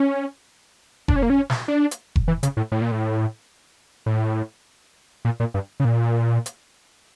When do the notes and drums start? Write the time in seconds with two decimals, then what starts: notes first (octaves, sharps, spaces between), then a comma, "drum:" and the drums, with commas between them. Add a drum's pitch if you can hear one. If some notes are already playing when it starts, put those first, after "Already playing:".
Already playing: C#4
1.08 D4, drum: kick F1
1.16 C#4
1.23 A#3
1.30 C#4
1.50 drum: snare
1.68 D4
1.91 drum: hi-hat
2.16 drum: kick F1
2.28 E3
2.43 C#3, drum: hi-hat
2.57 A2
2.72 A2
2.81 A#2
2.92 A2
4.06 A2
5.25 A#2
5.40 A#2
5.54 G2
5.80 C#3
5.85 A#2
6.46 drum: hi-hat